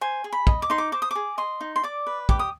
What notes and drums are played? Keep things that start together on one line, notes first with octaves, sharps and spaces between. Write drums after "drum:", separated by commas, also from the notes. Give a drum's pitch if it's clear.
C5 G#5
G#4
B5
D#5, drum: kick
D6
D#4 C6
D6
C5 D6
D#6
G#4 D6
D#5 C6
D#4
C6
D5 D6
B4
G4 D6, drum: kick
D#6